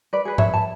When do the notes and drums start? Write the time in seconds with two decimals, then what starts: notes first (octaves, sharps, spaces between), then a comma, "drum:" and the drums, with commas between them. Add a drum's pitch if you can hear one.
0.13 B4 D5
0.25 G#4 B4
0.38 C#5 E5, drum: tom G#2
0.54 A5